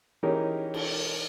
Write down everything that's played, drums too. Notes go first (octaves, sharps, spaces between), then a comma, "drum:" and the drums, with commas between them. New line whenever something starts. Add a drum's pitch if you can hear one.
E3 C#4 D#4 G4 G#4 A#4
drum: cymbal